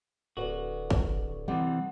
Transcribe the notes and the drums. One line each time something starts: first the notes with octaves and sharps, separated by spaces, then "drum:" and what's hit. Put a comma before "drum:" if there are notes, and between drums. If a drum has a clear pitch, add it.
D1 F#4 A4 B4 D5
drum: kick G#1
C2 C3 E3 G3 D#5 F#5